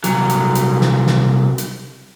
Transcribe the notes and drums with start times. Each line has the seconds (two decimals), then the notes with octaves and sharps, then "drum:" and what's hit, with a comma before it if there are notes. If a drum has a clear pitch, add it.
0.04 C2 F#3, drum: hi-hat
0.30 drum: hi-hat
0.55 drum: hi-hat
0.81 drum: snare
1.07 drum: snare
1.58 drum: hi-hat